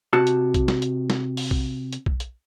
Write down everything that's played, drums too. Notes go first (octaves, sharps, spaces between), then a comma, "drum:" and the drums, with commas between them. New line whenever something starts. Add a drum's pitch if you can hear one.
C3 F#4 A5
drum: hi-hat
drum: kick B1, hi-hat
drum: snare
drum: hi-hat
drum: snare
drum: open hi-hat
drum: kick B1
drum: hi-hat
drum: kick B1
drum: hi-hat